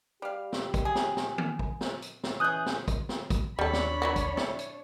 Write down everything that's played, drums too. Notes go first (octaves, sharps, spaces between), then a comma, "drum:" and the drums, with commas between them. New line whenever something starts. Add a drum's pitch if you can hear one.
G3 G4 F5
drum: snare
drum: kick, hi-hat
G#4
drum: snare
drum: snare
drum: tom D#3
drum: kick
drum: snare
drum: hi-hat
drum: snare
E3 C#4 G#4 D#6 F#6 G6
drum: snare
drum: kick, hi-hat
drum: snare
drum: kick, hi-hat
D#2 G3 D4 A4 C#5 B5
drum: snare
F#3 B3 F#4
drum: kick, hi-hat
E4, drum: snare
drum: hi-hat